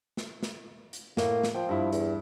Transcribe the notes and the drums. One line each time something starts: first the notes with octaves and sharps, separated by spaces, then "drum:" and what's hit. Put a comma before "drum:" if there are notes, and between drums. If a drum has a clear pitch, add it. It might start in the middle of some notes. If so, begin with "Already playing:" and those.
drum: snare
drum: snare
drum: hi-hat
A2 A#3, drum: snare
drum: snare
F3 G5
G2 E4
E2, drum: hi-hat